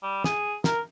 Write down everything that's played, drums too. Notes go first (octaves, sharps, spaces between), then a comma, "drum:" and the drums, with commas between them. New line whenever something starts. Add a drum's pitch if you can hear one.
G3
G#4, drum: snare
A#4, drum: snare